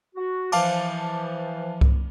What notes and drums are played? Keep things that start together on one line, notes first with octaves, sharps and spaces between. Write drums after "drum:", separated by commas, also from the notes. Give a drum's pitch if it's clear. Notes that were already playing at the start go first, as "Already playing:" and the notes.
F#4
E3 F3 F5 A5 D6, drum: cymbal
drum: kick C2